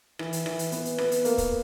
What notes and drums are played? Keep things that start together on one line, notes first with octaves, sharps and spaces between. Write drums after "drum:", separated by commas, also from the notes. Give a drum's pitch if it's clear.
E3, drum: rim click
drum: hi-hat
E3, drum: rim click
drum: hi-hat
B3, drum: hi-hat
drum: hi-hat
B3, drum: rim click
drum: hi-hat
A#3, drum: hi-hat
drum: kick, hi-hat